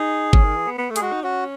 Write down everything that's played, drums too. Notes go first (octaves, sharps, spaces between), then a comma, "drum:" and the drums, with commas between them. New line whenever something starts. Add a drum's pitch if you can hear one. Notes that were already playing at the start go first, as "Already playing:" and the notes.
Already playing: D#4 G#4
C#4, drum: kick G1
D#3
E3
B3
B3
A3
G#4, drum: hi-hat
G#3 F#4
D#4
C#4 F#4